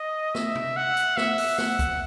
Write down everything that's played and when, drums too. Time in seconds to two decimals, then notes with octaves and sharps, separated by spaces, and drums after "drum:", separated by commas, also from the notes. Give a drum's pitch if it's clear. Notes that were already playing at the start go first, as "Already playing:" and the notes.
Already playing: D#5
0.35 E5, drum: snare
0.55 drum: tom C3
0.77 F#5
0.97 drum: hi-hat
1.17 E5, drum: snare
1.38 drum: open hi-hat
1.58 F#5, drum: snare
1.79 drum: kick C2, hi-hat